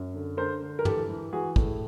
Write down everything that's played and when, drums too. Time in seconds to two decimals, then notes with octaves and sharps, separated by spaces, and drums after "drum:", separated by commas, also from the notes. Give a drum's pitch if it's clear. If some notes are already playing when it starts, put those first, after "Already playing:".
Already playing: F#2
0.14 D3
0.37 D3 A#4 C5
0.62 D3
0.79 A#4
0.85 E3 G4 A4, drum: tom
1.09 E3
1.33 E3 F#4 G#4
1.56 A2, drum: kick